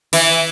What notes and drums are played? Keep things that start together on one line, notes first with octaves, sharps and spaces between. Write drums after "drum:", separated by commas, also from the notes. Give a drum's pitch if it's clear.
E3, drum: open hi-hat